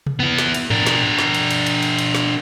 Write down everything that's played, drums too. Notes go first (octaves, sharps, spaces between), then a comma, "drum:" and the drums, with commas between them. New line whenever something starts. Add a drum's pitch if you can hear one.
drum: tom C3
B3 E4
drum: snare
drum: cymbal
D4 A#4, drum: tom G#2
drum: snare
drum: snare
drum: cymbal
drum: cymbal
drum: cymbal
drum: cymbal
drum: cymbal
drum: snare